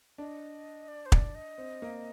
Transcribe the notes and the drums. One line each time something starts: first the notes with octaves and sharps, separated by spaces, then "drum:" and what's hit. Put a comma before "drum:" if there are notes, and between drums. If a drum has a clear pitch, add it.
D4 D#5
D5
C5
D5, drum: kick
D#5
C4
A#3